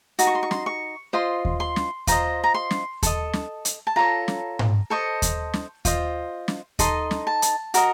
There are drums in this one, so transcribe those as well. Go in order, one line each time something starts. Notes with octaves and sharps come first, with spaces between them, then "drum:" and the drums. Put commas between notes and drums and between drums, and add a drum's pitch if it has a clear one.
D#4 F#4, drum: hi-hat
C#6
C6
C#6
C6, drum: snare
C#6
F4 C5 D#5 C6
drum: kick D#2
C6
drum: snare
F4 C5 D#5 A#5, drum: kick D#2, hi-hat
A#5
C6
drum: snare
A4 D#5, drum: kick D#2, hi-hat
drum: snare
drum: hi-hat
A5
F4 A4 C#5 A#5
drum: snare
drum: tom G#2
A4 C5 D#5 C#6
drum: kick D#2, hi-hat
drum: snare
F4 C5 D#5, drum: kick D#2, hi-hat
drum: snare
D#4 A4 D#5 C6, drum: kick D#2, hi-hat
drum: snare
A5
drum: hi-hat
F#4 A#4 D#5, drum: hi-hat